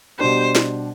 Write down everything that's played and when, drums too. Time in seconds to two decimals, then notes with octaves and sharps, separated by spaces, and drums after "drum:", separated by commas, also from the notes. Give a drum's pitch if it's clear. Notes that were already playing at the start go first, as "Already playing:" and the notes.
0.19 B2 G3 D4 G4 C5
0.55 drum: snare